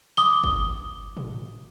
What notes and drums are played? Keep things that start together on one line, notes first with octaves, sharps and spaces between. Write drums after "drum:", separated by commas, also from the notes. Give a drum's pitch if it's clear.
D6 D#6 G7, drum: tambourine
drum: kick G1
drum: tom